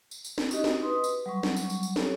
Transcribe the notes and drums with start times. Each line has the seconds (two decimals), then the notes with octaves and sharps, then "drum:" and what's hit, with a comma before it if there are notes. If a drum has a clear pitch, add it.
0.11 drum: tambourine
0.25 drum: tambourine
0.38 drum: snare
0.51 C#4 D#4 F#4 G4 D#5, drum: tambourine
0.64 drum: snare
0.82 B4 C6 D#6
1.04 drum: tambourine
1.26 F#3 G3 C#6
1.43 drum: snare
1.56 drum: tambourine
1.70 drum: tambourine
1.83 drum: tambourine
1.96 C#4 G4 A4 C#5, drum: snare